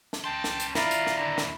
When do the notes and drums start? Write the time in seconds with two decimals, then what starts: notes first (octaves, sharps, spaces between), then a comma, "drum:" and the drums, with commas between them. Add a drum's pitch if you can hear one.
0.13 drum: snare
0.24 C#4 G5 A5 C6
0.44 drum: snare
0.60 drum: hi-hat
0.75 D#2 E4 F4 D5 A#5, drum: snare
0.91 drum: hi-hat
1.07 drum: snare
1.18 D3 A#5
1.38 drum: snare